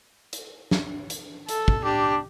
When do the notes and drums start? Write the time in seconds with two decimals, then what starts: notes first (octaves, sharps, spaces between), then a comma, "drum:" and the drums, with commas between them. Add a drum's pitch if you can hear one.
0.33 drum: hi-hat
0.71 drum: snare
1.10 drum: hi-hat
1.49 A4, drum: hi-hat
1.68 drum: kick
1.84 D4 G4